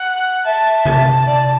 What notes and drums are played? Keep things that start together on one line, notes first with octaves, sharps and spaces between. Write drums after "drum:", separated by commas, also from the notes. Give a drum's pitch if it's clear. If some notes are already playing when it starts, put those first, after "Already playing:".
Already playing: F#5
E5 A5
A5, drum: tom C3
D5